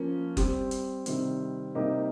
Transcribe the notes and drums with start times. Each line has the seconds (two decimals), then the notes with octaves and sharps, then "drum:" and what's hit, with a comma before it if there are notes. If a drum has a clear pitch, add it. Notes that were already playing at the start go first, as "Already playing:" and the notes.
Already playing: F3 A#3 C#4
0.37 G3 C4 G4, drum: kick F#1, hi-hat
0.71 drum: hi-hat
1.06 C3 D#3 G3 C4, drum: hi-hat
1.75 C3 G3 A#3 D#4 G4